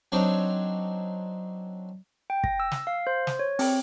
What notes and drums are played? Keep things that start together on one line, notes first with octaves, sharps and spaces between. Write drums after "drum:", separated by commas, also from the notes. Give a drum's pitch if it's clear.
F#3 C4 D4 D#4 C#5 D5
G5
A#6, drum: kick
E6
drum: snare
F5
C5
drum: snare
C#5
C4, drum: open hi-hat